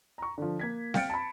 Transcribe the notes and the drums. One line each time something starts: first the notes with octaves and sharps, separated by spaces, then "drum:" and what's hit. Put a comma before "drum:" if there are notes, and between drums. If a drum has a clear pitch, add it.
A#5 C#6
D3 F3
A#3 G#6 B6
F5 G5 F6 A6 C#7 D7, drum: snare C4
A5 B5